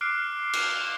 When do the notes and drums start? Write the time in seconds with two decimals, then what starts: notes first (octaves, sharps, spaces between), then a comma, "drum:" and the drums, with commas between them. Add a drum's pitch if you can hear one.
0.01 D6 F6 F#6 C7 D7
0.53 drum: cymbal